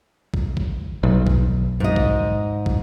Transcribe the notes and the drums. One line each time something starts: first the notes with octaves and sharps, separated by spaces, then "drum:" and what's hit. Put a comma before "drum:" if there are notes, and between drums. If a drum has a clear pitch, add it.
drum: kick
drum: kick
B1
drum: kick
G#2 D#5
drum: kick
drum: kick